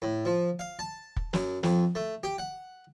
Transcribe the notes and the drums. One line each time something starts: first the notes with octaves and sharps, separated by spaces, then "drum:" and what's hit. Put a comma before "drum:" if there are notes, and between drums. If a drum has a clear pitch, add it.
A2
F3
F5
A5
drum: kick
F#2, drum: snare
F2, drum: snare
A3
G4
F#5